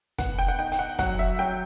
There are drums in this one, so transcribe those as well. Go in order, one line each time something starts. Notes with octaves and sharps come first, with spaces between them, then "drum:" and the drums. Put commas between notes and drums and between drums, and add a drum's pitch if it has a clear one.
B3 F#5, drum: kick, hi-hat
G5
F#5
D#4 G5
G5, drum: hi-hat
F#5
F#3 F#5, drum: kick, hi-hat
E5
F#3 G5